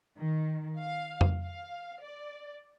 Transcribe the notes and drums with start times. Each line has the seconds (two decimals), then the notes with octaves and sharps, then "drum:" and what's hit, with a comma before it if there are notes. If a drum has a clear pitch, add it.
0.18 D#3
0.79 F5
1.21 drum: tom F2
1.42 F5
2.02 D5